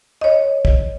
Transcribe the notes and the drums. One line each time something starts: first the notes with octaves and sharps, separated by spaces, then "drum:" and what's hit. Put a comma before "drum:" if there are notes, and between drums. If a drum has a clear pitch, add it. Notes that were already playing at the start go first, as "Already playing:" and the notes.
C#5 D#5
drum: kick